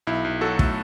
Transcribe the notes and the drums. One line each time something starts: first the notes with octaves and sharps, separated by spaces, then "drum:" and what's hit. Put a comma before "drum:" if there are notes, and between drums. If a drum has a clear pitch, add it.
B1 E4
B1
F#3 F#4 A4
A3, drum: kick